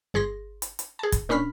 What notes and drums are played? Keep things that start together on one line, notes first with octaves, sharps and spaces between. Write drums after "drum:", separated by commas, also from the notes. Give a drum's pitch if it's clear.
G1 G#4 C6 A#6
drum: hi-hat
drum: hi-hat
G#4 A5
drum: kick, hi-hat
A#2 C#4 D4 B5 F6 B6